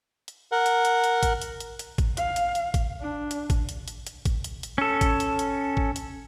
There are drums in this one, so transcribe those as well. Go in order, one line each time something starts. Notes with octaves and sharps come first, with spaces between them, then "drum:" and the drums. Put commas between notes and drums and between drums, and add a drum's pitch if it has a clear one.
drum: hi-hat
A#4 F#5
drum: hi-hat
drum: hi-hat
drum: hi-hat
drum: kick, hi-hat
drum: hi-hat
drum: hi-hat
drum: hi-hat
drum: kick, hi-hat
F5, drum: hi-hat
drum: hi-hat
drum: hi-hat
drum: kick, hi-hat
D4
drum: hi-hat
drum: kick, hi-hat
drum: hi-hat
drum: hi-hat
drum: hi-hat
drum: kick, hi-hat
drum: hi-hat
drum: hi-hat
C#4 A4
drum: kick, hi-hat
drum: hi-hat
drum: hi-hat
drum: kick
drum: hi-hat